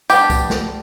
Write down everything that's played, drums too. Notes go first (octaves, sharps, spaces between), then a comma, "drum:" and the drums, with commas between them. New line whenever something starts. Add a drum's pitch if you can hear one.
G3 B3 D4 G4, drum: tambourine
drum: kick C2, tambourine
drum: snare